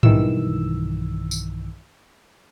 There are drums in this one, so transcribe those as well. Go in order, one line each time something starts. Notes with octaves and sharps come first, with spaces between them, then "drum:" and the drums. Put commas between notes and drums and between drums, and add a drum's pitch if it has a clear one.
B1 G2 D#3 E3 E6, drum: tom G#2
drum: tambourine